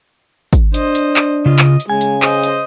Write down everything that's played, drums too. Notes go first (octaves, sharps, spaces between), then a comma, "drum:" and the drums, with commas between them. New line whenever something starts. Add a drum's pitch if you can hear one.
drum: kick, hi-hat
D4 C5 D#5, drum: hi-hat
drum: hi-hat
drum: clap
C#3 F4 D#5
drum: clap
drum: hi-hat
C#3 G#3 G#5
drum: hi-hat
C5 D#5, drum: clap
drum: hi-hat